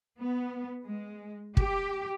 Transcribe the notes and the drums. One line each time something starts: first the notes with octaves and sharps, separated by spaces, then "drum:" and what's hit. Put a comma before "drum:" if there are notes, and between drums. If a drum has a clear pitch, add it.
B3
G#3
G4, drum: kick